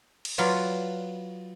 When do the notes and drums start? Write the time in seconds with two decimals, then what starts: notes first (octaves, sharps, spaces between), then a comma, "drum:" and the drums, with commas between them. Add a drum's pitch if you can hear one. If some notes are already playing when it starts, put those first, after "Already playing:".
0.25 drum: cymbal
0.38 F#3 F4 B4 D5